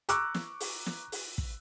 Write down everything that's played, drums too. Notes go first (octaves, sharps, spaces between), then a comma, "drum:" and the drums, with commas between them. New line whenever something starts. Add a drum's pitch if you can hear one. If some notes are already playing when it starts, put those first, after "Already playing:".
A#5 C#6 D6 E6 F#6, drum: hi-hat
drum: snare
drum: open hi-hat
drum: snare
drum: open hi-hat
drum: kick